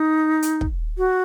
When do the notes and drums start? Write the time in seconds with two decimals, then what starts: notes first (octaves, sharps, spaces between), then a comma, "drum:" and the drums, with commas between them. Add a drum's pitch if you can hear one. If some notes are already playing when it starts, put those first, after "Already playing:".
Already playing: D#4
0.42 drum: hi-hat
0.61 drum: kick
0.98 F#4